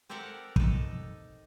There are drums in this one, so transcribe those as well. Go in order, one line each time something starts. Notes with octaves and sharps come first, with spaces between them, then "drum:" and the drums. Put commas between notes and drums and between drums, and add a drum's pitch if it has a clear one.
C4 G4 A4 A#4 D5 F#5
D#4 A4, drum: kick